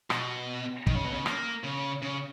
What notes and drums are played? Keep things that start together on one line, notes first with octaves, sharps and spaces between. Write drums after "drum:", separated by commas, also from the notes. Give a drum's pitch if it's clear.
B2, drum: rim click
D#3, drum: kick
C#3
B2
C#3
A#3, drum: rim click
C#3
C#3